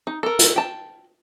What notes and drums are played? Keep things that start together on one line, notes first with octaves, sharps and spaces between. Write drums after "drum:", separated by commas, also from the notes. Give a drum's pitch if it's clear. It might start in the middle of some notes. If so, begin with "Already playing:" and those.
D#4
A4 A#4
drum: hi-hat
G5 A5